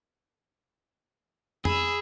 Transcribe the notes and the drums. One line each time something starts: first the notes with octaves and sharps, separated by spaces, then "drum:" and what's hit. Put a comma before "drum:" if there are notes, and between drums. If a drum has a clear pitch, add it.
G#4 B5 E6, drum: tom F2